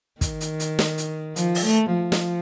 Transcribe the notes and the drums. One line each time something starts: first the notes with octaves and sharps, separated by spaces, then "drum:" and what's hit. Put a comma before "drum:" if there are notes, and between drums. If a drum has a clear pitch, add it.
D#3, drum: kick, hi-hat
drum: hi-hat
drum: hi-hat
drum: snare
drum: hi-hat
F3, drum: hi-hat
drum: open hi-hat
A3
F3
drum: snare